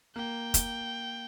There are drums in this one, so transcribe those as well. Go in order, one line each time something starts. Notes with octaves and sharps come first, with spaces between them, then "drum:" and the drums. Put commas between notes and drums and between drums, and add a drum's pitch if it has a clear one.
A#3 G5
drum: kick, hi-hat